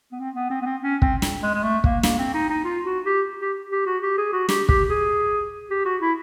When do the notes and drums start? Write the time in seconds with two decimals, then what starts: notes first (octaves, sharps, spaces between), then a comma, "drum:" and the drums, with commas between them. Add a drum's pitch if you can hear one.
0.12 B3
0.20 C4
0.36 B3
0.50 C4
0.62 B3
0.66 C4
0.82 C#4
1.02 C4, drum: kick
1.22 drum: snare
1.43 G#3
1.54 G#3
1.63 A3
1.84 A#3, drum: kick
2.03 A#3, drum: snare
2.19 C4
2.34 D#4
2.50 D#4
2.65 F4
2.85 F#4
3.06 G4
3.41 G4
3.72 G4
3.86 F#4
4.02 G4
4.18 G#4
4.33 F#4
4.49 G4, drum: snare
4.69 G4, drum: kick
4.89 G#4
5.71 G4
5.85 F#4
6.02 E4